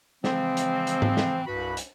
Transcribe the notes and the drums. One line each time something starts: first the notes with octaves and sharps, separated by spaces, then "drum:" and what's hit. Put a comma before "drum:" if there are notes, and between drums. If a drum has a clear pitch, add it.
C#3 E3 F3 G#3 C4, drum: snare
drum: hi-hat
drum: hi-hat
drum: tom G#2
drum: snare
C2 G2 F#4 B4 B5
drum: hi-hat